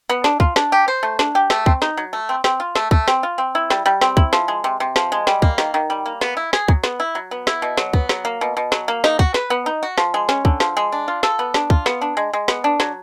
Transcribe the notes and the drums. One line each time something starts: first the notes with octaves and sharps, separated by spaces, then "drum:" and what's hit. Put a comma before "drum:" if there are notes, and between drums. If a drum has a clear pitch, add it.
B3
D4, drum: snare
F4, drum: kick
D4, drum: snare
G4
C5
A3
D4, drum: snare
G4
A3, drum: snare
C4, drum: kick
D#4, drum: snare
F#3
A3
C4
C4, drum: snare
F4
A3, drum: snare
A3, drum: kick
C4, drum: snare
F4
C4
E4
G3, drum: snare
G3
C4, drum: snare
E4, drum: kick
F3, drum: snare
G#3
C3
C3
F3, drum: snare
G#3
G3, drum: snare
A#3, drum: kick
D#3, drum: snare
D#3
G3
A#3
B3, drum: snare
E4
G#4, drum: snare
F#3, drum: kick
B3, drum: snare
E4
F#3
B3
E4, drum: snare
B2
F#3, drum: snare
B3, drum: kick
F#3, drum: snare
A#3
B2
B2
F#3, drum: snare
A#3
D#4, drum: snare
F#4, drum: kick
B4, drum: snare
B3
D#4
F#4
F3, drum: snare
G#3
C#4, drum: snare
D3, drum: kick
F3, drum: snare
G#3
D4
F4
A4, drum: snare
B3
D4, drum: snare
F4, drum: kick
B3, drum: snare
D4
G#3
G#3
B3, drum: snare
D4
F#3, drum: snare